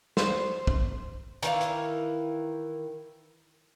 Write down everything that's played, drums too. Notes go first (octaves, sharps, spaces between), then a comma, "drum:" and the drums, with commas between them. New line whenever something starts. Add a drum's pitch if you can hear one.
C5, drum: snare
drum: kick
D#3 E3 F5, drum: hi-hat
drum: hi-hat